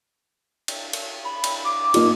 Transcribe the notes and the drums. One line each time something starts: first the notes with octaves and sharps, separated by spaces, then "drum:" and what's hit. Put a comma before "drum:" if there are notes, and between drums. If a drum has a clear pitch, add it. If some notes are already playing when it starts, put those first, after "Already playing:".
drum: cymbal
drum: cymbal
B5
drum: cymbal
D6
A#3 D#4 F4, drum: cymbal